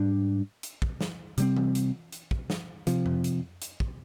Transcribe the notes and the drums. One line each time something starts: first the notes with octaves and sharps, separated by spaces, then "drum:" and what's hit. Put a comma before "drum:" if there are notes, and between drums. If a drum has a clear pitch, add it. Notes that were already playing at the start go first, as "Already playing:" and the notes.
Already playing: G#2 G3 D4
drum: hi-hat
drum: kick
drum: snare
C3 G3 C4, drum: hi-hat
drum: tom E3
drum: hi-hat
drum: hi-hat
drum: kick
drum: snare
C3 F3, drum: hi-hat
drum: tom F2
drum: hi-hat
drum: hi-hat
drum: kick